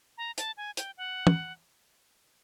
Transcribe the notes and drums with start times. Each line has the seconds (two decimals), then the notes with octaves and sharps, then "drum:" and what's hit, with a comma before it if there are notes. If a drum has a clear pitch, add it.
0.18 A#5
0.38 A5, drum: hi-hat
0.57 G#5
0.77 G5, drum: hi-hat
0.97 F#5
1.27 drum: tom